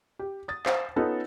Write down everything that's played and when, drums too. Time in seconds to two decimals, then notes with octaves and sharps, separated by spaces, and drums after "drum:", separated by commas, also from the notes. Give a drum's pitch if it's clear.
0.19 G4
0.48 D#6 A6
0.66 C5 F5, drum: clap
0.96 B3 C#4 D#4 F4 A4